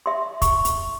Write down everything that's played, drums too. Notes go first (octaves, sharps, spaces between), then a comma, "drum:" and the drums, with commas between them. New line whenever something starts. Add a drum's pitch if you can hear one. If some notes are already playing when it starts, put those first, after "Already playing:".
E5 C6
C#6, drum: kick, hi-hat
drum: hi-hat